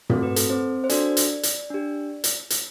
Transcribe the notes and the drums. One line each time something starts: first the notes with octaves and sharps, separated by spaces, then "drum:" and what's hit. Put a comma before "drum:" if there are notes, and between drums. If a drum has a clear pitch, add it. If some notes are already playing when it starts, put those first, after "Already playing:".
A3 C4 F#4 A4, drum: tom
B4
A4, drum: hi-hat
C4 C5
C5
D4 F#4 A4 D5, drum: hi-hat
drum: hi-hat
drum: hi-hat
D4 G4
drum: hi-hat
drum: hi-hat